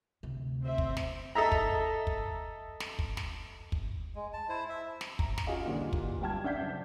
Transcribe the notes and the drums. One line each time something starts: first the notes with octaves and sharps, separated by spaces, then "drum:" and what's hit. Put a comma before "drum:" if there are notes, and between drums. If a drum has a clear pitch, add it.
D2 C3
C4 C5 E5
drum: kick
drum: snare
A4 D#5 E5 A#5
drum: kick
drum: kick
drum: snare
drum: kick
drum: snare
drum: kick
G#3
A5
E4 C5
E5
drum: snare
A#5, drum: kick
drum: snare
C#4 F4 F#4 G#4 D#5 F5
A#2 D3 E3 G3 A#3
drum: kick
B1 G2 G5 A5 F6 G#6
D4 E5 F#5 G6 B6 C7
F#1